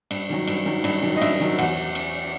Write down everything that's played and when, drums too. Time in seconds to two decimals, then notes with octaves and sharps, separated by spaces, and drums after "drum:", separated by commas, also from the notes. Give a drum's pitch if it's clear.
0.11 G2, drum: cymbal
0.29 D#3 F#3
0.47 G2, drum: cymbal
0.66 D#3 F#3
0.84 G2, drum: cymbal
1.03 D#3 F#3
1.17 D#5
1.22 G2 E5, drum: cymbal
1.40 D#3 F#3
1.59 E2 F#5, drum: cymbal
1.95 drum: cymbal